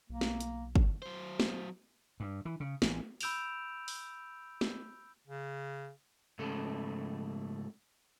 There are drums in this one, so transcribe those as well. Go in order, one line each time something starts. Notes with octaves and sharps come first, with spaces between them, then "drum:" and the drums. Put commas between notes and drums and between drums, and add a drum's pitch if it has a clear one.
B1 A#3
drum: snare
drum: hi-hat
drum: kick
F#3 C5
drum: snare
G2
E3
C#3
A1, drum: snare
B5 E6 G6 D7 E7 F7, drum: open hi-hat
drum: open hi-hat
drum: snare
C#3
G#2 C#3 A3 A4